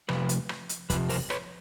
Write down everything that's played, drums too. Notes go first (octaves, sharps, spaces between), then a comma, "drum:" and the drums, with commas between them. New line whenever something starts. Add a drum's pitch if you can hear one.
F2 C3 F3 B4, drum: rim click
drum: hi-hat
drum: rim click
drum: hi-hat
F2 C3 F3 B4, drum: kick, hi-hat
A#4 C5, drum: open hi-hat
B4 C#5, drum: rim click